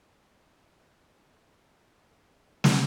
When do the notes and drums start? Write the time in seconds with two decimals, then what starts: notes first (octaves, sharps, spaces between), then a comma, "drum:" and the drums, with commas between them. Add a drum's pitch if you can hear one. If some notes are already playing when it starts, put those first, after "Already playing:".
Already playing: C#3
0.18 C#4
0.43 C#3
0.67 E4
0.93 C#4
1.18 E4
1.43 A#3
1.69 A#3
1.94 E4
2.19 C#4
2.64 drum: snare